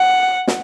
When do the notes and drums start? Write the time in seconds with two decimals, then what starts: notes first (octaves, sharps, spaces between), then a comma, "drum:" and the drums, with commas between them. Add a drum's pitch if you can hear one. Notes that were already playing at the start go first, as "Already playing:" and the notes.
Already playing: F#5
0.47 drum: snare